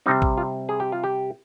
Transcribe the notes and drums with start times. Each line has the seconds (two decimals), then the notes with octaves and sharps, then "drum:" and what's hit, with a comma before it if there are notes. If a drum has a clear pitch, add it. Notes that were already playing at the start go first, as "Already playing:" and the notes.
0.06 C3 G3 C4 D#4
0.22 drum: kick A1
0.38 F4
0.69 G#4
0.80 G4
0.92 F4
1.04 G4